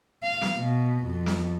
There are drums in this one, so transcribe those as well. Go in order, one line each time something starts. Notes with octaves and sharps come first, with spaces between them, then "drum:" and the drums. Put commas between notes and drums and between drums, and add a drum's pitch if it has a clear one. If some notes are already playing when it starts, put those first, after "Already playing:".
F5
drum: snare
B2
F2
drum: snare